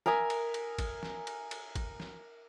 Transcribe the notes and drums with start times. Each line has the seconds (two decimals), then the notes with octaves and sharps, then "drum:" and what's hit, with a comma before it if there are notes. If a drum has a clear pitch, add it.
0.06 A#4 E5 G#5 D#6, drum: snare
0.30 drum: cymbal
0.54 drum: cymbal
0.79 drum: kick, cymbal
1.03 drum: snare
1.27 drum: cymbal
1.51 drum: cymbal
1.75 drum: kick, cymbal
2.00 drum: snare